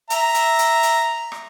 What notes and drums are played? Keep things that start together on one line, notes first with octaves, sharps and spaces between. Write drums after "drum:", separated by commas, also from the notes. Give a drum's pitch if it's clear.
E5 A#5, drum: hi-hat
drum: hi-hat
drum: hi-hat
drum: hi-hat
drum: rim click